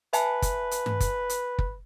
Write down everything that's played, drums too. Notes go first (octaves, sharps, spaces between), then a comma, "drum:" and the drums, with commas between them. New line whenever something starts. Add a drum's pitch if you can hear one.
B4 E5 G#5 A5, drum: hi-hat
drum: kick, hi-hat
drum: hi-hat
drum: tom G2
drum: kick, hi-hat
drum: hi-hat
drum: kick